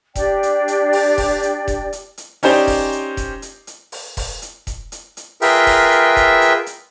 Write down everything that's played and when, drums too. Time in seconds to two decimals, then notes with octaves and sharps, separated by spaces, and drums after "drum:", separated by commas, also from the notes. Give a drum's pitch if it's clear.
0.16 D4 G4 D5 G5, drum: kick E1, hi-hat
0.43 drum: hi-hat
0.68 drum: hi-hat
0.93 drum: open hi-hat
1.18 drum: kick E1, open hi-hat
1.43 drum: hi-hat
1.68 drum: kick E1, hi-hat
1.93 drum: hi-hat
2.17 drum: hi-hat
2.43 C#4 D#4 G4 C5 D5, drum: open hi-hat
2.67 drum: kick E1, open hi-hat
2.92 drum: hi-hat
3.17 drum: kick E1, hi-hat
3.42 drum: hi-hat
3.67 drum: hi-hat
3.92 drum: open hi-hat
4.17 drum: kick E1, open hi-hat
4.42 drum: hi-hat
4.67 drum: kick E1, hi-hat
4.92 drum: hi-hat
5.17 drum: hi-hat
5.42 F4 G#4 A#4 B4 E5 G5, drum: open hi-hat
5.67 drum: kick E1, open hi-hat
5.92 drum: hi-hat
6.17 drum: kick E1, hi-hat
6.41 drum: hi-hat
6.66 drum: hi-hat